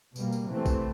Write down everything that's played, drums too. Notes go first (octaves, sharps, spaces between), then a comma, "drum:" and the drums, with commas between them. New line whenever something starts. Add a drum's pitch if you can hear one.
B2 G3 A#3, drum: tambourine
drum: tambourine
C3 E3 A3 C4
drum: kick A1, tambourine